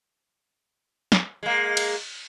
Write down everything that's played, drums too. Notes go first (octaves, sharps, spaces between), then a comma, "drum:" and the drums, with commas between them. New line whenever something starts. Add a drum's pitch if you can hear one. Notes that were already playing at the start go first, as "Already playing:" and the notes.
drum: snare
G#3 A#3
drum: cymbal